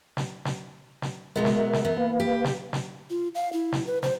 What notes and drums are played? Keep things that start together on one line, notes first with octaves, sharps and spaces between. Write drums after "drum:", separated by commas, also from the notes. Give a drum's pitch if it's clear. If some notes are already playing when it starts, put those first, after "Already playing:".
drum: snare
drum: snare
drum: snare
B2 G#3 B3 A#4 E5
drum: snare
drum: snare
E3 B3
A#3 B4 F5
G4
drum: snare
drum: snare
F4
F5
E4
drum: snare
B4
C5, drum: snare